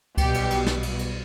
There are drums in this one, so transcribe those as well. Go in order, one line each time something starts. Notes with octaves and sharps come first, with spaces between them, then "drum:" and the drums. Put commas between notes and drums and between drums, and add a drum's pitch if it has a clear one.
B1 B2 G3 G4, drum: kick C#2, cymbal
drum: cymbal
drum: cymbal
drum: snare
drum: cymbal
drum: cymbal